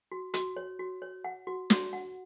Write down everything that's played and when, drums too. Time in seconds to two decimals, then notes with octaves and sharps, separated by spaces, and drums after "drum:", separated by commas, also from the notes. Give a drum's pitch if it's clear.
0.12 F#4
0.34 F#4, drum: hi-hat
0.56 C#5
0.79 F#4
1.02 C#5
1.24 F#5
1.47 F#4
1.70 F#4, drum: snare
1.93 F#5